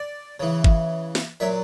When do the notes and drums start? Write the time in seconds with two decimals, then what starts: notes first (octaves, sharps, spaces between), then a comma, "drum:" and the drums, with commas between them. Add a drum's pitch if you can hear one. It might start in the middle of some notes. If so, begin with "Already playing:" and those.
Already playing: D5
0.40 C#3 E3
0.64 drum: kick G1
1.15 drum: snare
1.40 A#2 F#3 E5